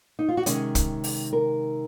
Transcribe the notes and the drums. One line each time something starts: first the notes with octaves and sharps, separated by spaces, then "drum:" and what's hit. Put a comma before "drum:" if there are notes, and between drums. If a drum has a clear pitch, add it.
D#4
F4
F#4
C3 D#3 G#3 C#4 G#4, drum: hi-hat
drum: kick, hi-hat
drum: open hi-hat
A#4